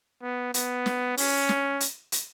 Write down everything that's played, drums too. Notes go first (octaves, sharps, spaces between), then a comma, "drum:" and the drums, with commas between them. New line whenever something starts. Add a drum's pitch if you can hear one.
B3
B3, drum: hi-hat
drum: snare
C#4, drum: open hi-hat
drum: snare
drum: hi-hat
drum: hi-hat